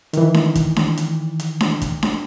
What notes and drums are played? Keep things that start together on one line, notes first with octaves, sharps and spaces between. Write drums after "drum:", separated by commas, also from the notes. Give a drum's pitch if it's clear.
D#3 E3, drum: hi-hat
drum: snare D4
drum: kick, hi-hat
drum: snare D4
drum: hi-hat
drum: hi-hat
drum: snare D4
drum: kick, hi-hat
drum: snare D4